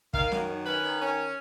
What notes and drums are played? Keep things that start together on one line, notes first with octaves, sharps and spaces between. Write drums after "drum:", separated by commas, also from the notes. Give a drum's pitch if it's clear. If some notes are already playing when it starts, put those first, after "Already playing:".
D#3 F5, drum: kick
F#2, drum: snare
D#3
C#4 B4
D#3
C#4